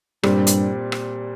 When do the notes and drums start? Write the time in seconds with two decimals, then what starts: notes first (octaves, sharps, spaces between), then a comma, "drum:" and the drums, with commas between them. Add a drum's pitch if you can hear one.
0.23 G2 A#2 G3 C4, drum: rim click
0.47 drum: hi-hat
0.92 drum: rim click